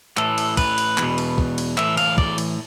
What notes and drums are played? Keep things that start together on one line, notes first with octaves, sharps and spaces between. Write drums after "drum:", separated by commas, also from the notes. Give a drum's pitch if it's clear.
A2 E3 A4, drum: clap
drum: cymbal
B4, drum: kick, cymbal
drum: cymbal
E2 B2, drum: clap
drum: cymbal
drum: kick
drum: cymbal
A2 E3 E5, drum: clap
F5, drum: cymbal
D5, drum: kick
drum: cymbal